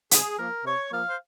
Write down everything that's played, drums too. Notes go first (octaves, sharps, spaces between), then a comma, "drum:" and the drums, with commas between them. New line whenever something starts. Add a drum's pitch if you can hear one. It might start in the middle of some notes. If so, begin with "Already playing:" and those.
C3 G#4, drum: hi-hat
F3 A#3 A#4
C3 C#5
F3 A#3 F5
C5